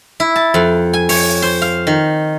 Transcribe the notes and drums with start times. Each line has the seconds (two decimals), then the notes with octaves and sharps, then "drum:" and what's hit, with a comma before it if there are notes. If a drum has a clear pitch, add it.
0.20 E4
0.36 A5
0.54 F2
0.93 G#5
1.09 C#5, drum: open hi-hat
1.42 C5
1.62 F5
1.87 D#3